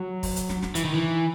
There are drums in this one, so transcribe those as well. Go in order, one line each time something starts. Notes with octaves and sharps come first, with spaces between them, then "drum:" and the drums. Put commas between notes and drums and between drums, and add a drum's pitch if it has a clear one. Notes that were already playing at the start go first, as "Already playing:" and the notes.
Already playing: F#3
drum: kick, open hi-hat
drum: hi-hat
drum: snare
drum: snare
E3, drum: hi-hat
D#3
E3